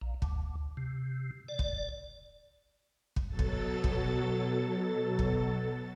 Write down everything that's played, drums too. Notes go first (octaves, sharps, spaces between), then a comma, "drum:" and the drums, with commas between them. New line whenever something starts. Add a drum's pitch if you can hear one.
A#1
D2, drum: kick
C3
D5
drum: kick
drum: kick
B2 F#3 A4 A6
drum: kick
drum: kick
drum: kick